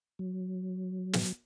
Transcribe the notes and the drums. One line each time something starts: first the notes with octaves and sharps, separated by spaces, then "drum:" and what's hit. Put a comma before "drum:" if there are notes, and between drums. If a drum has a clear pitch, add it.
F#3
drum: snare